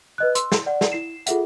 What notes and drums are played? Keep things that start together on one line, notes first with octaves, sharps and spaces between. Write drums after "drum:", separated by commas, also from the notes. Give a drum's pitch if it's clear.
B4 D#5 F#6
C6 E6, drum: hi-hat
drum: snare
D5 F#5
drum: snare
E4 C7 E7
F4 G#4 A4 E5 F#5, drum: hi-hat